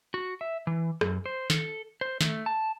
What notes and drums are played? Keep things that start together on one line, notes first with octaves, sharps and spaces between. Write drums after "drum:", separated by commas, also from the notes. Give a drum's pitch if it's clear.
F#4
E5
E3
F#2, drum: rim click
C5
A4, drum: snare
C5
A3, drum: snare
A5